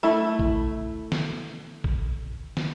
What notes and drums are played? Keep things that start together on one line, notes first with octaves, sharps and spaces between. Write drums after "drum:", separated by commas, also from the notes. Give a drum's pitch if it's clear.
A3 E4
drum: kick
drum: snare
drum: kick
drum: snare